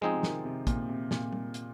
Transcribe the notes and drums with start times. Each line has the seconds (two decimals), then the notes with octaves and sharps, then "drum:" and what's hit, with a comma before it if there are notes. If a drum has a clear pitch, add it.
0.01 F3 G#3 C4 D#4 G#4
0.13 C3
0.23 D#3, drum: snare
0.45 C3
0.67 A#2, drum: kick, hi-hat
0.89 C3
1.11 A#2, drum: snare
1.32 drum: tom G3
1.54 drum: hi-hat